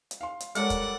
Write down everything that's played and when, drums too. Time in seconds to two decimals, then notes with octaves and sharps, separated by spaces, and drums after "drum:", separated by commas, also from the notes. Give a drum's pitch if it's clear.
0.11 drum: hi-hat
0.21 F5 C6
0.40 drum: hi-hat
0.55 G3 G#3 A4 A#4 C#5 D5 F#5, drum: hi-hat
0.70 drum: kick, hi-hat